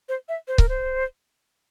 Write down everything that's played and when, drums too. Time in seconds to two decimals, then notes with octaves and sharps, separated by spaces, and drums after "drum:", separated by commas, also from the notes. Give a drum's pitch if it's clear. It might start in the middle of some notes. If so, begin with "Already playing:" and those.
0.09 C5
0.29 E5
0.48 C5
0.58 A#4, drum: kick C#1
0.69 C5